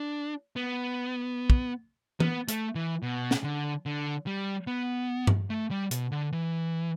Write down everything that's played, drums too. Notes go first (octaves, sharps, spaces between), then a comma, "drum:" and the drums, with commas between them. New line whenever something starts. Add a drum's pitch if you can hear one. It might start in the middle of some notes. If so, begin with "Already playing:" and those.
Already playing: D4
B3
drum: kick
B3, drum: tom
A3, drum: hi-hat
E3
B2
drum: snare
D3
D3
G3
B3
drum: tom G2
A3
G3
B2, drum: hi-hat
D3
E3